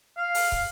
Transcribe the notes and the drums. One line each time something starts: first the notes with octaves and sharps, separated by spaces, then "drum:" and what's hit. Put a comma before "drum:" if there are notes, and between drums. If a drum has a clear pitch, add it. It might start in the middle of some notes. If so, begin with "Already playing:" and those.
F5
drum: open hi-hat
drum: kick